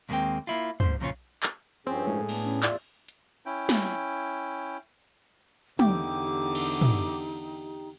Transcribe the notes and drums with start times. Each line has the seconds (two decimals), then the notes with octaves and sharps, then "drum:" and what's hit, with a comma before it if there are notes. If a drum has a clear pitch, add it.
0.09 D#2 C3 G#3 A#3 C4 G5
0.47 A#3 E4 F4
0.80 G#2 C5, drum: tom
1.01 F2 A#2 C#3 C4 C#4 F4
1.43 drum: clap
1.87 G2 F3 C4 C#4 G#4
2.07 A2 G#3
2.29 B3 D4, drum: cymbal
2.45 C#4
2.63 E2 F4 D5 E5, drum: clap
3.08 drum: hi-hat
3.46 C#4 E4 G5
3.69 drum: snare
5.79 E2 D3 D#4 G4 G5 D6, drum: tom
6.55 drum: cymbal
6.81 drum: tom